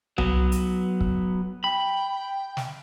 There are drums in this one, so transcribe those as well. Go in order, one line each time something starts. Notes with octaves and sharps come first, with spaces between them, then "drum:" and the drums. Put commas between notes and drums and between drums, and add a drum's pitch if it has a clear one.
F#3 B3, drum: tom C2
drum: hi-hat
drum: kick
G5 B5
drum: snare